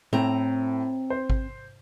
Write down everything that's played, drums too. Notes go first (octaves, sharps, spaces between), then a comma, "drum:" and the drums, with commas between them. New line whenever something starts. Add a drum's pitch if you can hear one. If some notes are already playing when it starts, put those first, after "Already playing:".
A2 C4 A#5
C5
drum: kick G#1